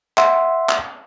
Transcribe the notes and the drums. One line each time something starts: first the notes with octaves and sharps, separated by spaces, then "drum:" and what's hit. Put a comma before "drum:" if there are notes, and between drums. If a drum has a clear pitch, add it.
E5 F#5 C6, drum: clap
drum: clap